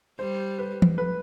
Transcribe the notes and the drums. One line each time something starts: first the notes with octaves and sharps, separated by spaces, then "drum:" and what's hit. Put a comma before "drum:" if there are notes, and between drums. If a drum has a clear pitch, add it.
G3 C5
B4
drum: tom
B4